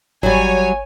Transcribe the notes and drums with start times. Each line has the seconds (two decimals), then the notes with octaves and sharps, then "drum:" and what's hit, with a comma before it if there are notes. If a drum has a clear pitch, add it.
0.23 F#3 G3 C#5 G#5, drum: kick G#1